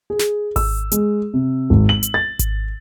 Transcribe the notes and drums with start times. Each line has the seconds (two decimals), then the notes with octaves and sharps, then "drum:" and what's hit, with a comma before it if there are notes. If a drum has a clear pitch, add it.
0.10 G#4
0.19 drum: snare
0.56 E6, drum: kick G#1, open hi-hat
0.92 G#3, drum: hi-hat
1.34 C3
1.70 G#1
1.89 F#7
2.03 drum: hi-hat
2.14 A6
2.39 drum: kick G#1, hi-hat